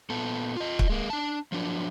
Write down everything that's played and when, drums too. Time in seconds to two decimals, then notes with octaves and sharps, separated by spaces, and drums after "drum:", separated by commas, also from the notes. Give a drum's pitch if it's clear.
0.10 A#2 B3 A4
0.57 F4 D#5
0.79 drum: kick
0.90 G#3 A#3
1.10 D4 A5
1.52 F3 F#3 D4